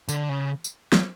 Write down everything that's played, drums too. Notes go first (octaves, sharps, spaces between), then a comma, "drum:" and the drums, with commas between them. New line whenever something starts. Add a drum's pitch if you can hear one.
D3, drum: tambourine
C#3
drum: tambourine
drum: snare